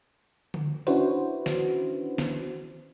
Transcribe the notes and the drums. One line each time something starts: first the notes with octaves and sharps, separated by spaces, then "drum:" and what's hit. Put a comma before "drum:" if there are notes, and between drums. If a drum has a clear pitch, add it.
drum: tom D3
C#4 D4 E4 F#4 B4 C5, drum: hi-hat
drum: snare
drum: snare